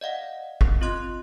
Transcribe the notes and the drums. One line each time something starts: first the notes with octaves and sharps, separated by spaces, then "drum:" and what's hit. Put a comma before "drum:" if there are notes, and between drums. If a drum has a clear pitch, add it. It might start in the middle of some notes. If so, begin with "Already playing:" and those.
D5 D#5 F5 F#5
drum: kick
C4 F4 D#5 C6 F#6